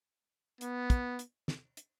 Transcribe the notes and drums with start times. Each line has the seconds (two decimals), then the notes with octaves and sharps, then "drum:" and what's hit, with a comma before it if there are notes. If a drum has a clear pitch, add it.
0.61 B3, drum: hi-hat
0.90 drum: kick, hi-hat
1.19 drum: hi-hat
1.48 drum: snare
1.77 drum: hi-hat